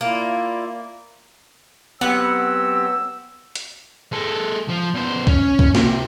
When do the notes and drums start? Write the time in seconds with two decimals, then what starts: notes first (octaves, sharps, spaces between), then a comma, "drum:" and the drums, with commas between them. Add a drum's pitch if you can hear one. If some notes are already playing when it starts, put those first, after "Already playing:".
0.01 A#3 E4 F4 D5
2.01 F#3 B3 C4 G4 F#5 E6
3.55 drum: hi-hat
4.12 G#3 A4
4.69 F3
4.94 E2 C5
5.27 C#4, drum: kick
5.59 drum: kick
5.75 C3, drum: snare